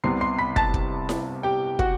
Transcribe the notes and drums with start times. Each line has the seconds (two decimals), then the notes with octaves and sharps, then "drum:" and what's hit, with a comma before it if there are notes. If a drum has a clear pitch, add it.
0.04 C2 C3 G3 B3 C6 C7
0.21 C6 C7
0.38 B5 B6
0.56 A5 A6, drum: kick
0.74 drum: kick
1.09 drum: snare E4
1.43 G4 G5
1.79 F#4 F#5, drum: kick